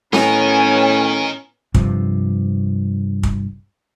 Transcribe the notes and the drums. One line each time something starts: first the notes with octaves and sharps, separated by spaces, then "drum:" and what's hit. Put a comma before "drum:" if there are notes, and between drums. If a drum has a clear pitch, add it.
A2 B3 C#4 D#4 A#4 G#5, drum: snare C4
G2 C3 F3, drum: kick
drum: kick